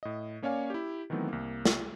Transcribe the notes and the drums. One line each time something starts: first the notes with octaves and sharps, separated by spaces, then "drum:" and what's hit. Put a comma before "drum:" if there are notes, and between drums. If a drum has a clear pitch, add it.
A2 D#5
A#3 C#4 C#5 D5 F5 G#5
E4 G4
D#3 E3 F#3 A3 B3 C4
C2 A#3
drum: snare